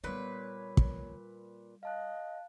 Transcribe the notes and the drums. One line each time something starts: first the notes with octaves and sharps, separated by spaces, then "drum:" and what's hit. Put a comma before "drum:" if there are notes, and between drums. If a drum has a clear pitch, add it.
A#2 G3 B3 B4 C#5
drum: kick
D#5 F5 A5 F#6